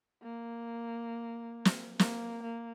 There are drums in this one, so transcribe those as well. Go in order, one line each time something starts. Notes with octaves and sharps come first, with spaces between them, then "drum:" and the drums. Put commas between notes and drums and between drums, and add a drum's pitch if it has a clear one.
A#3
drum: snare
A#3, drum: snare
A#3